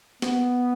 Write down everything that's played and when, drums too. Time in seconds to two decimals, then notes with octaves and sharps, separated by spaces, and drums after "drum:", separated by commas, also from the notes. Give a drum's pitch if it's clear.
0.22 B3, drum: snare